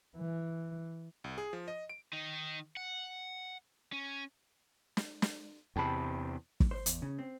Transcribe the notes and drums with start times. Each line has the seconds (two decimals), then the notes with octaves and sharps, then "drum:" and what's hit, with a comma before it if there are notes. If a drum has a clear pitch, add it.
0.16 E3
1.24 C2
1.38 G#4
1.53 F3
1.68 D#5
1.89 D7
2.13 D#3 D#4
2.77 F#5
3.92 C#4
4.97 drum: snare
5.22 drum: snare
5.76 E2 C3 G5 A5 B5
6.60 drum: kick
6.71 C5
6.86 E2, drum: hi-hat
7.02 C#3
7.19 C4